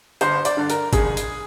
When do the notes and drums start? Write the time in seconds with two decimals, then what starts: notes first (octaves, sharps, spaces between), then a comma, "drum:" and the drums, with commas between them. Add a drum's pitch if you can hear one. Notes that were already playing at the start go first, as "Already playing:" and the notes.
0.21 G1 C5, drum: hi-hat
0.45 D5, drum: hi-hat
0.57 G2 D3
0.70 A#4, drum: hi-hat
0.93 G1 G#4, drum: kick, hi-hat
1.17 drum: hi-hat